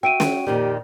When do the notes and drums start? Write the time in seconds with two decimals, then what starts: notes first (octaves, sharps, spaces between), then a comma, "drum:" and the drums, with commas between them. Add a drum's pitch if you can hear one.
0.03 F#4 E5 G5 D7 D#7
0.20 drum: snare
0.47 F2 A#2 D#3 G4